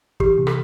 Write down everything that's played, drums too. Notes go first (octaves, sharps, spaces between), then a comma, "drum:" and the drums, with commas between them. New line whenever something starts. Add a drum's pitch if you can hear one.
E3 G4, drum: kick
C3
A4, drum: rim click